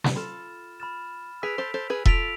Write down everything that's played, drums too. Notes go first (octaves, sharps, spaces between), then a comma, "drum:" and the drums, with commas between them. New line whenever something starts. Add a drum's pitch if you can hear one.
drum: snare
F4 A4 B5 F6 A6 E7
B5 F6 A6 E7
G#4 B4 E6 B6 D7 F7
A4 C5
A4 C5
G#4 B4
F4 A4 E6 B6 D7 F7, drum: kick E1